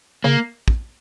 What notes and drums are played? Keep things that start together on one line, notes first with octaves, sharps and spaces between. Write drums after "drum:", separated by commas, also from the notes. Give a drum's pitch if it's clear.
C#3 A#3
drum: kick